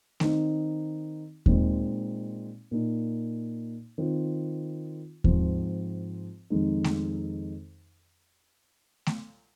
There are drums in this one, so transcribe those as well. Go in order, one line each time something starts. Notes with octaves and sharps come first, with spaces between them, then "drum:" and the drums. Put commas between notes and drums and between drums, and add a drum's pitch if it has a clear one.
D#3 C4 D#4, drum: snare A3
A#2 G#3 C4 D#4, drum: kick D#2
A#2 A#3 D#4
D#3 C4 F4
G#2 F3 C4, drum: kick D#2
F2 D#3 G#3 D#4
drum: snare A3
drum: snare A3